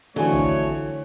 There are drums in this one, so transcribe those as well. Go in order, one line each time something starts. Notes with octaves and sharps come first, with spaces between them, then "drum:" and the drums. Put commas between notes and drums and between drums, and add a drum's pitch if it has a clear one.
F2 D3 E3 F#3 A3 C#5 G#5
drum: kick